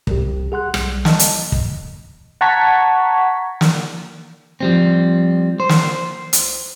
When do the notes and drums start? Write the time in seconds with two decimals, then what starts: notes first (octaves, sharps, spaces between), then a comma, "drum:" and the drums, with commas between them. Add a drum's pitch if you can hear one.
0.07 C2 G4, drum: kick
0.52 G#4 F#5 C6 F#6
0.74 B1 G3, drum: rim click
1.05 D#5 A5, drum: snare
1.19 drum: hi-hat
1.52 drum: kick
2.41 F#5 A5 A#5 C#6 G#6 B6
3.61 drum: snare
4.60 F3 G3 C4
5.60 C5
5.69 drum: snare
6.33 drum: hi-hat